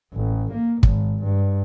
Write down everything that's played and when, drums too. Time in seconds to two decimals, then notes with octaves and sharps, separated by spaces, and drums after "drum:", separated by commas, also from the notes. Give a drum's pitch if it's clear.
0.13 A1
0.53 A#3
0.83 G#1, drum: kick
1.24 G2